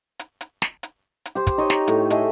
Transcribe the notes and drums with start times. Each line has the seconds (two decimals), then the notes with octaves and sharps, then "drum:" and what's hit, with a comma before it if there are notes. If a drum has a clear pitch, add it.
0.19 drum: hi-hat
0.41 drum: hi-hat
0.62 drum: snare
0.83 drum: hi-hat
1.26 drum: hi-hat
1.35 G4 C5
1.47 drum: kick, hi-hat
1.58 D#4 C#5 D#5
1.70 A#5, drum: snare
1.87 A2, drum: hi-hat
2.10 G#4 A4 D#5 E5, drum: hi-hat